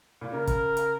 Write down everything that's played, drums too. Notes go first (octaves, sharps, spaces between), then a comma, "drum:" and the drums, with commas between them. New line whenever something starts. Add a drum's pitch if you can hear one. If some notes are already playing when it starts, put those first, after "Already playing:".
A#2
C#3 A#4
drum: kick, hi-hat
drum: hi-hat